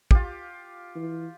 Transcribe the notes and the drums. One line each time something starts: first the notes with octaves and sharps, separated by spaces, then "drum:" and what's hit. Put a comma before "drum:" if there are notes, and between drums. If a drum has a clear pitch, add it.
F4 G4, drum: kick
E3